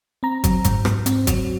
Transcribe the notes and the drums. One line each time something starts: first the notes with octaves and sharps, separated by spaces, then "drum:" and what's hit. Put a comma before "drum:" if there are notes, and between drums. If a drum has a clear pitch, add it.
C4 A#5
F#3, drum: kick, hi-hat
G#2, drum: kick, hi-hat
G#2, drum: rim click
C4, drum: hi-hat
F#3, drum: kick, hi-hat